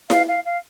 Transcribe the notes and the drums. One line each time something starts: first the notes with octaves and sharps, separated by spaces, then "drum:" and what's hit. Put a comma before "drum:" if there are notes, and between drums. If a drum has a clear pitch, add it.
F5, drum: snare E4
F5
F5